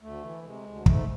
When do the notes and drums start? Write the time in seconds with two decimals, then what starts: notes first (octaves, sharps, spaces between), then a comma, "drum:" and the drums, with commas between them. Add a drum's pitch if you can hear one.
0.01 D2 A3
0.23 E3
0.44 C3 G#3
0.65 D2
0.86 G#2 A3, drum: kick